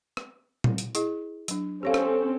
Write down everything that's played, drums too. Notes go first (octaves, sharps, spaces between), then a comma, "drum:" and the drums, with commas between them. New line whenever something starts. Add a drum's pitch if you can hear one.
drum: rim click
drum: tom
drum: hi-hat
E4 G#4 D#5, drum: hi-hat
F#3 D4, drum: hi-hat
C4 C#4 G4 A4 C#5 F5
drum: rim click